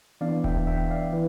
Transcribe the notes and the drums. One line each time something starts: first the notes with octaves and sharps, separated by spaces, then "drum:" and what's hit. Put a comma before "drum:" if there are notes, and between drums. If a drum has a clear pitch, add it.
E3 B3 D4 D5 F5
E5 G5, drum: kick D#1
E5 G5
D5 F5
E3